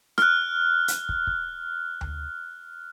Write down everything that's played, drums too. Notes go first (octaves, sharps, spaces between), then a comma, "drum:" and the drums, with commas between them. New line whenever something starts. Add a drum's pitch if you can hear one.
F6 F#6, drum: rim click
drum: hi-hat
drum: kick
drum: kick
drum: tom D2